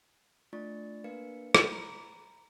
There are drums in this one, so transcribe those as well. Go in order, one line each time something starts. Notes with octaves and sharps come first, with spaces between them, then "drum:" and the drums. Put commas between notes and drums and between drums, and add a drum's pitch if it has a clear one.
A3 D4 F4 D5 C#6 A6
A#3 D4 A#4 B4 F5 C#7
drum: rim click
A#5 B5